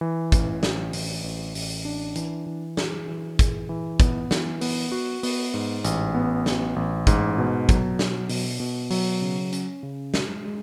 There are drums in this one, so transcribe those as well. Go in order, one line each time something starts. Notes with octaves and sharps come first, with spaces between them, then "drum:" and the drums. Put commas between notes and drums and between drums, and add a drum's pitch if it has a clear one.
E3
A1, drum: kick, hi-hat
A1, drum: snare
A1, drum: open hi-hat
A1
A1, drum: open hi-hat
D4
E3, drum: hi-hat
E3
G#4, drum: snare
E3
G#4, drum: kick, hi-hat
E3
B3, drum: kick, hi-hat
E3, drum: snare
B3, drum: open hi-hat
F#4
B3, drum: open hi-hat
G#2
A1, drum: hi-hat
B3
A1, drum: snare
A1
G#2, drum: kick, hi-hat
B2
F#3, drum: kick, hi-hat
B2, drum: snare
B2, drum: open hi-hat
B2
F#3, drum: open hi-hat
C#3
C#4, drum: hi-hat
C#3
G#3, drum: snare
G#3